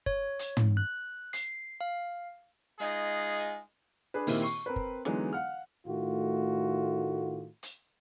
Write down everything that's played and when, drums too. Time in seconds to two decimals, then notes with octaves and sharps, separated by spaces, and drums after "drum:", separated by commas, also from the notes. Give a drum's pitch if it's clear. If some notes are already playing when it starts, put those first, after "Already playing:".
0.06 C#5, drum: kick
0.39 drum: hi-hat
0.57 drum: tom
0.77 F#6
1.33 C7, drum: hi-hat
1.81 F5
2.79 G#3 D#4 F4 G#4
4.14 D4 G#4 B4
4.27 A#2 D#3 A#3 C4 E4 G4, drum: open hi-hat
4.42 C#6 C7
4.66 C4 A#4 B4
4.76 drum: kick
5.05 D3 E3 F#3 G#3 B3 D#4, drum: rim click
5.33 F5 F#5 F6
5.87 A2 D#3 A3 F4 F#4
7.63 drum: hi-hat